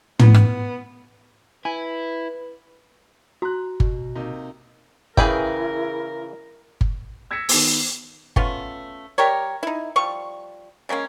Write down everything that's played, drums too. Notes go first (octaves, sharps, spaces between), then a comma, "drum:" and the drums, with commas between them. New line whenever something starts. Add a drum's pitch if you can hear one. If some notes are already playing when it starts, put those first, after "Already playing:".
B3, drum: tom
drum: rim click
E4 B4 G#5
F#4 A#5 F#6
B2, drum: kick G1
C3 A#3 D#4
C#3 E3 E4 G#4 A#4 B4 G5, drum: kick G1
drum: kick G1
E6 G#6 A#6 B6 C#7 E7
D#3 B3, drum: open hi-hat
A3 B3 C#4 F4, drum: kick G1
G3 G4 A#4 C#5
D#4 E4
F3 G3 C#6
C#3 G#3 A#3 C#4